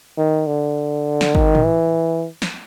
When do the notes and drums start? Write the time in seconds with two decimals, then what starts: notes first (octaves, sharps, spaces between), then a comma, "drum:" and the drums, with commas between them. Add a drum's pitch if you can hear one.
0.18 D#3
0.47 D3
1.21 drum: snare
1.35 D#3, drum: kick
1.55 drum: tom A2
1.65 E3
2.42 drum: snare